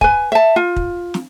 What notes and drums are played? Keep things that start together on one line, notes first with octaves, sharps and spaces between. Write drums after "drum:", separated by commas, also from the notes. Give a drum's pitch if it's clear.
B4 G#5, drum: kick
E5 A5
F4
drum: kick
drum: snare